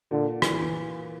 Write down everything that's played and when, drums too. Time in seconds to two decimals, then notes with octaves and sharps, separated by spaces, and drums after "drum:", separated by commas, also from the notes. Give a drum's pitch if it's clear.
0.11 A#2 D3
0.42 E3, drum: rim click
0.62 E3